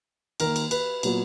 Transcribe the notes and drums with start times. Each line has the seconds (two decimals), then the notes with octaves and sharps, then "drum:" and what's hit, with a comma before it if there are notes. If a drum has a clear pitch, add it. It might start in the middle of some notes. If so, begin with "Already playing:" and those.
0.40 D#3 A#3 A#4, drum: cymbal
0.56 drum: cymbal
0.71 B4, drum: cymbal
1.03 A#2 F#3 B3, drum: cymbal